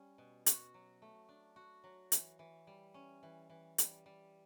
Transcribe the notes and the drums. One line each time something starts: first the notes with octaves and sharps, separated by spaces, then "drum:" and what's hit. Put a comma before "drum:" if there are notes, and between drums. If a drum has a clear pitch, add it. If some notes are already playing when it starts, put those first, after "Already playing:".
Already playing: G3 C#4
B2
F#4, drum: hi-hat
F#3
A3
D4
F#4
F#3
E3, drum: hi-hat
E3
G3
C#4
E3
E3
G3, drum: hi-hat
G3